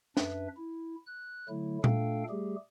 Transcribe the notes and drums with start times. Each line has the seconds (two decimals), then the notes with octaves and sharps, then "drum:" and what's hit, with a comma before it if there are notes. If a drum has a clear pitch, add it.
0.17 F#2 D4 B4 E5, drum: snare
0.57 E4
1.07 F#6
1.49 D3 F#3 A3 E4
1.84 A#2 A3 D4 A4 F5 G5, drum: tom A#2
2.29 G3 A3 G4 G#4